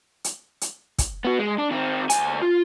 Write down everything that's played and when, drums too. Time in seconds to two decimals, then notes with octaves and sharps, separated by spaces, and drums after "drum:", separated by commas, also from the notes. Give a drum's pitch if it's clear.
0.24 drum: hi-hat
0.61 drum: hi-hat
0.98 drum: kick, hi-hat
1.25 B3 F#4
1.39 G#3
1.58 D4
1.71 D#3 C4
2.10 D2 G#5, drum: hi-hat
2.42 F4